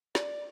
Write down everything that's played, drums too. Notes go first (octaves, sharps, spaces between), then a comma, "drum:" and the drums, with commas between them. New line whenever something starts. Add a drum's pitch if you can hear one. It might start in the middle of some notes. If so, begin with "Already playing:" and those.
D5, drum: snare